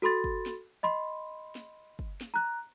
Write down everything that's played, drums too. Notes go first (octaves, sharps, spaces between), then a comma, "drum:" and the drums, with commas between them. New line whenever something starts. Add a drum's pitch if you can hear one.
F#4 A4 B5 C6 A6
drum: kick
drum: snare
D#5 B5 C6
drum: snare
drum: kick
drum: snare
A#5 F#6